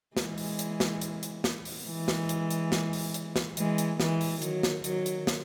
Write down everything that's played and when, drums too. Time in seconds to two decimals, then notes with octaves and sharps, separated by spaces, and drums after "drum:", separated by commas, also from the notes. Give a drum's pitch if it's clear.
0.17 E3 G#3, drum: snare
0.38 drum: open hi-hat
0.59 drum: hi-hat
0.80 drum: snare
1.02 drum: hi-hat
1.23 drum: hi-hat
1.44 drum: snare
1.65 drum: open hi-hat
1.86 E3 G#3
2.08 drum: snare
2.29 drum: hi-hat
2.51 drum: hi-hat
2.72 drum: snare
2.93 drum: open hi-hat
3.14 drum: hi-hat
3.36 drum: snare
3.57 E3 G#3, drum: hi-hat
3.78 drum: hi-hat
4.00 E3 G#3, drum: snare
4.21 drum: open hi-hat
4.42 D#3 F#3, drum: hi-hat
4.63 drum: snare
4.84 D#3 F#3, drum: hi-hat
5.06 drum: hi-hat
5.27 drum: snare